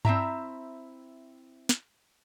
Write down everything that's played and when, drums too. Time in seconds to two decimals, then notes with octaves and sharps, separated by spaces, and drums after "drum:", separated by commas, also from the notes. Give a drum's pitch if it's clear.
0.05 C4 E4 E5 A#5, drum: tom G2
1.69 drum: snare